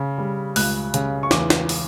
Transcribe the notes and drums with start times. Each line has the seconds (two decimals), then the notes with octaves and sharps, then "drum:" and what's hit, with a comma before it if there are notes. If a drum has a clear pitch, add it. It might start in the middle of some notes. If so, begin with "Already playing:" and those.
Already playing: C#3
0.18 G3
0.56 C#2 F#6, drum: open hi-hat
0.94 C#3, drum: hi-hat
1.23 C#6
1.31 E2 D6, drum: snare
1.50 drum: snare
1.69 drum: open hi-hat